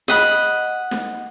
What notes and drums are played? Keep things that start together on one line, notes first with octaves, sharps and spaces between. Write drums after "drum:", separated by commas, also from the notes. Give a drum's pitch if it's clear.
D#5 F#5 B5, drum: snare
drum: snare